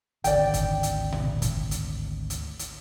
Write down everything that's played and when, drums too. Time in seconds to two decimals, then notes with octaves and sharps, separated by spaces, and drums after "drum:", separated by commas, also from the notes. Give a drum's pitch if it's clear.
0.24 G#1 D2 D5 G5, drum: hi-hat
0.54 drum: kick, hi-hat
0.83 drum: hi-hat
1.12 drum: tom A#2
1.42 drum: kick, hi-hat
1.71 drum: hi-hat
2.30 drum: hi-hat
2.59 drum: hi-hat